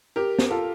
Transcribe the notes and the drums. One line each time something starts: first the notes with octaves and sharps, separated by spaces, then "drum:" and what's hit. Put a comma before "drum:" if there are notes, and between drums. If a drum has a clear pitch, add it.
G4 A#4
drum: snare
F4 A4